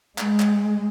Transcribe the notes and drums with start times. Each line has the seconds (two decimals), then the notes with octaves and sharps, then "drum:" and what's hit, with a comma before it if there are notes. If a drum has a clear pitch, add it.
0.18 G#3, drum: clap
0.40 drum: clap